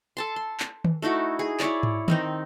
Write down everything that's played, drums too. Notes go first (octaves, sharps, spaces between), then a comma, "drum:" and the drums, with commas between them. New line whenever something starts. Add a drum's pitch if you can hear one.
A4 A5 C6
C6
drum: clap
drum: tom D#3
A3 D#4 E4 F#4
G#4
E4 C#5 D5, drum: clap
drum: tom G#2
D#3 C4 D#4, drum: tom D#3